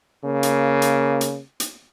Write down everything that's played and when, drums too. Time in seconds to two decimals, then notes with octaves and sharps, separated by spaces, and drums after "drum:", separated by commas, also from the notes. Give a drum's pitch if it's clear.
0.23 C#3 A#3
0.43 drum: hi-hat
0.82 drum: hi-hat
1.21 drum: hi-hat
1.60 drum: hi-hat